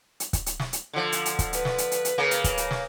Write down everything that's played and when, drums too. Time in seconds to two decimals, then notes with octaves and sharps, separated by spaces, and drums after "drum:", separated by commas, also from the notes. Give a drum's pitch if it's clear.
0.20 drum: hi-hat
0.33 drum: kick, hi-hat
0.46 drum: hi-hat
0.60 drum: snare
0.73 drum: hi-hat
0.93 D3 F3
1.12 drum: hi-hat
1.26 drum: hi-hat
1.39 drum: kick, hi-hat
1.53 B4, drum: hi-hat
1.65 drum: snare
1.78 drum: hi-hat
1.91 drum: hi-hat
2.05 drum: hi-hat
2.18 C#3 A#3
2.31 drum: hi-hat
2.44 drum: kick, hi-hat
2.57 drum: hi-hat
2.71 drum: snare